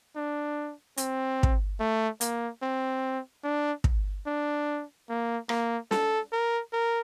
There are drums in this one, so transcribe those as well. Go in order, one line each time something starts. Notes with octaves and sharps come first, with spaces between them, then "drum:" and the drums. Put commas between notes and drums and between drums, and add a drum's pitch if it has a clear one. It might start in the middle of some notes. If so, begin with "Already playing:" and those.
D4
C4, drum: hi-hat
drum: kick
A3
A#3, drum: hi-hat
C4
D4
drum: kick
D4
A#3
A#3, drum: rim click
A4, drum: snare
A#4
A#4